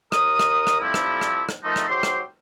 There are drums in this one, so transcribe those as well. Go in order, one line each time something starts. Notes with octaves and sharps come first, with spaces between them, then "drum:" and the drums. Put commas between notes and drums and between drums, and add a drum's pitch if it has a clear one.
D#2 A#4 D#6, drum: rim click
drum: rim click
drum: rim click
F2 C3 F3 G3 A3 E4
drum: rim click
drum: rim click
drum: rim click
D#3 F3 A3 D#4
drum: rim click
G#2 F#3 G4 C5 G5 C6
drum: rim click